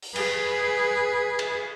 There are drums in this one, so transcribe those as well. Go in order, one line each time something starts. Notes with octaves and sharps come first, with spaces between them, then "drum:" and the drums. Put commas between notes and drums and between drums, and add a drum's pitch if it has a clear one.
drum: open hi-hat
G#4 B4, drum: cymbal
drum: cymbal